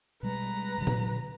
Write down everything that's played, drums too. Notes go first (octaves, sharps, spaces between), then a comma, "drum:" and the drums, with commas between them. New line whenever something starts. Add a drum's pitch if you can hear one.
B2 G3 G#3 B4 A#5
B2 D3 F#3
drum: tom A#2